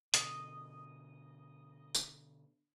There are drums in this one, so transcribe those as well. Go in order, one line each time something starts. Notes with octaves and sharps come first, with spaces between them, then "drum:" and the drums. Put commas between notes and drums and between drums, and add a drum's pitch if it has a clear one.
B2 D3 D#5, drum: hi-hat
drum: tambourine